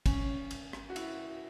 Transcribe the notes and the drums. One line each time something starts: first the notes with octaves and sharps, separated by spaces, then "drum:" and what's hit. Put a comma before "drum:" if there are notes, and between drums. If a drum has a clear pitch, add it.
C#4, drum: kick, cymbal
drum: cymbal
drum: rim click
F#4
E4, drum: cymbal